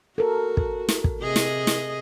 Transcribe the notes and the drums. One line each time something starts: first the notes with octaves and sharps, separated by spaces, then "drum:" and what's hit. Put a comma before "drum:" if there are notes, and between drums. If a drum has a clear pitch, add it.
F#4 A4 A#4
drum: kick
drum: snare
drum: kick
C3 G#4 D#5
drum: snare
drum: snare